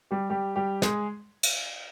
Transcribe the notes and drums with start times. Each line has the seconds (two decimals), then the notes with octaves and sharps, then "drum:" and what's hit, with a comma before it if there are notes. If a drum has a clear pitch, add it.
0.11 G3 G4
0.30 G3 G4
0.56 G3 G4
0.82 G#3 G#4, drum: snare
1.43 drum: cymbal